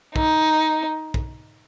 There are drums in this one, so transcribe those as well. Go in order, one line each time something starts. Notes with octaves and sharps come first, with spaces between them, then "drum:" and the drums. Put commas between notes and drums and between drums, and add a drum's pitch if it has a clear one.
D#4, drum: kick
drum: kick